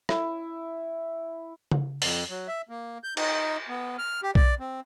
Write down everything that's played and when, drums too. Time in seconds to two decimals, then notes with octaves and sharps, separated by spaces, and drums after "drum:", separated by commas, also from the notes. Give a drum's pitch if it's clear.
0.09 E4, drum: rim click
1.71 drum: tom C#3
2.02 F2, drum: open hi-hat
2.30 F#3
2.48 E5
2.69 A#3
3.04 G6
3.17 D#4, drum: cymbal
3.69 B3
3.98 F6
4.23 G4
4.35 D5, drum: kick B1
4.60 C4